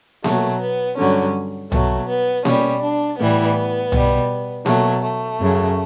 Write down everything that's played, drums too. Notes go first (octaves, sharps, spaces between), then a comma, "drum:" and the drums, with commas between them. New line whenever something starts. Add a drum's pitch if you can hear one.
B2 F#3 A3, drum: snare A#3
B3
G2 D3 F#3 C#4
B2 F#3 A3, drum: tom
B3
B2 G3 C#4, drum: snare A#3
D4
A2 E3 G3 B3
B2 G3, drum: tom
B2 F#3 A3, drum: snare A#3
A3
F#2 C#3 F#3